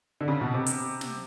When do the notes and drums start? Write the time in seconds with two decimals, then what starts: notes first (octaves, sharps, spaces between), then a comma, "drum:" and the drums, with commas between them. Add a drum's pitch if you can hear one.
0.21 D3
0.28 C#3
0.41 B2
0.54 C3
0.66 drum: hi-hat
1.01 drum: snare